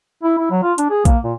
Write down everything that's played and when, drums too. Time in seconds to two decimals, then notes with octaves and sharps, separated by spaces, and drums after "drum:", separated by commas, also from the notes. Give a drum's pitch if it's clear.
0.23 E4
0.38 E4
0.51 F#3
0.63 F4
0.78 D4, drum: hi-hat
0.90 G#4
1.05 A#3, drum: kick A#1, hi-hat
1.24 A#2